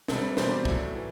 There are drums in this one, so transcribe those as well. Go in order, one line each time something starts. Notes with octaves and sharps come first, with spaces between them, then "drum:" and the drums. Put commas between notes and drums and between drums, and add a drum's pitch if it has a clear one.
C2 C3 G3 A4, drum: snare
B4
E2 B2 G3 C5, drum: snare
D5
A2 F#3 A3, drum: kick
E3